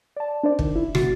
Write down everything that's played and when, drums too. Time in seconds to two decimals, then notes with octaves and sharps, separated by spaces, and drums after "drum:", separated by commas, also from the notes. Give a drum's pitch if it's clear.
0.16 D5 A5
0.43 D4 C5 D5
0.59 D#3, drum: kick
0.76 E4
0.95 G1 B2 D3 F#4 A6, drum: rim click